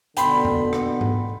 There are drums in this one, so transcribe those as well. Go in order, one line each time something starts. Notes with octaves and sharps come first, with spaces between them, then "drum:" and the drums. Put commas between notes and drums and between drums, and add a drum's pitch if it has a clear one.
B2 D3 G5 B5 C6, drum: hi-hat
drum: tom F2
drum: rim click
drum: tom G#2